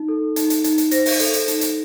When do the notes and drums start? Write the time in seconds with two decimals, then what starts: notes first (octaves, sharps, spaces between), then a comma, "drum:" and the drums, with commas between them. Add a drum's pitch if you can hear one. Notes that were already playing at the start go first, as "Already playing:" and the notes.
Already playing: D#4
0.08 A4
0.36 D#4, drum: hi-hat
0.50 drum: hi-hat
0.64 D#4, drum: hi-hat
0.78 drum: hi-hat
0.91 C5 A#6, drum: hi-hat
1.06 drum: open hi-hat
1.20 A4, drum: hi-hat
1.33 drum: hi-hat
1.48 D#4, drum: hi-hat
1.61 drum: hi-hat